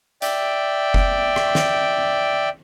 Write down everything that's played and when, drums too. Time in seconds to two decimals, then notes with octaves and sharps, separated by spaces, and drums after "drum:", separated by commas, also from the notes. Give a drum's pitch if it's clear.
0.22 D5 E5 G5, drum: hi-hat
0.94 drum: kick F#1
1.36 drum: rim click
1.55 drum: snare